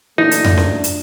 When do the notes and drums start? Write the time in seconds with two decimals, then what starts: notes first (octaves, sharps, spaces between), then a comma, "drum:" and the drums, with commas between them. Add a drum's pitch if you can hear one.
0.18 A#2 E3 F#3 A3 D4 D#4
0.31 drum: hi-hat
0.44 drum: tom F2
0.57 drum: snare C#4
0.84 drum: hi-hat